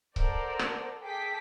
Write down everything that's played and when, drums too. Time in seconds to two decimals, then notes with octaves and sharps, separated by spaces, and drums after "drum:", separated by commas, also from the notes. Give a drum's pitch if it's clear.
0.16 A4 A#4 C5 D5 F#5, drum: kick C#1
0.59 drum: rim click
1.01 G#4 A4 G5 D6 B6